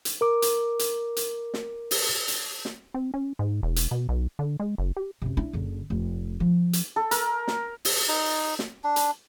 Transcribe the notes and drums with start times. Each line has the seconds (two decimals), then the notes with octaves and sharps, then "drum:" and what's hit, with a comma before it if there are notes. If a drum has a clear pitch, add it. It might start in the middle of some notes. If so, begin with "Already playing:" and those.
0.05 drum: hi-hat
0.21 A#4 D6
0.42 drum: hi-hat
0.79 drum: hi-hat
1.17 drum: hi-hat
1.54 drum: snare
1.91 drum: open hi-hat
2.28 drum: hi-hat
2.65 drum: snare
2.94 C4
3.14 C#4
3.39 G#2
3.63 E1
3.76 drum: hi-hat
3.91 B2
4.09 B1
4.39 D3
4.60 G#3
4.78 F#1
4.97 G4
5.22 F#2 C3
5.37 D4 E4
5.53 F#1 D3
5.90 F1
6.40 F3
6.73 drum: hi-hat
6.96 A4
7.11 A#4, drum: hi-hat
7.48 drum: snare
7.85 drum: open hi-hat
8.08 D#4
8.59 drum: snare
8.84 D4
8.96 drum: hi-hat